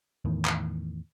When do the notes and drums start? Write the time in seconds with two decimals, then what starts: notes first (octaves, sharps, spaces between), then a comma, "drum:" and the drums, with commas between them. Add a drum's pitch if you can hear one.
0.25 E2 A2 D#3
0.45 drum: clap